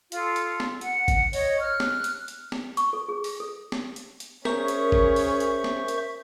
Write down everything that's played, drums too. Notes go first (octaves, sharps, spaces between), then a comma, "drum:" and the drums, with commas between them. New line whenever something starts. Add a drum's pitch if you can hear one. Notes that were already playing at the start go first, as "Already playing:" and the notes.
F4 A4, drum: hi-hat
drum: hi-hat
drum: snare
F#5, drum: hi-hat
drum: kick, hi-hat
C#5 D#5, drum: open hi-hat
F6 F#6
drum: snare
drum: hi-hat
drum: hi-hat
drum: snare
C#6, drum: hi-hat
A4
G#4
drum: open hi-hat
A4
drum: snare
drum: hi-hat
drum: hi-hat
C#4 G#4 A#4 C5 E5 C#6, drum: snare
drum: hi-hat
drum: kick
drum: open hi-hat
drum: hi-hat
drum: snare
drum: hi-hat